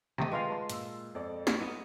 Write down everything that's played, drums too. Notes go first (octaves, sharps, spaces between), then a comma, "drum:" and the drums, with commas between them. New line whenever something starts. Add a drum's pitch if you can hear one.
C3 D#3 A3 G4 D#5
G#3 F4 B4 F5 G5
B4 A5 C6
A#2 E6, drum: hi-hat
F2 A4 D5
drum: snare
B3 D#4 D#5